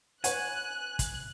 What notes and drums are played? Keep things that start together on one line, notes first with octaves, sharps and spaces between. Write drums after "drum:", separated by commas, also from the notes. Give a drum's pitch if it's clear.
B4 C#5 F#5 G#5 F#6, drum: hi-hat
drum: kick, hi-hat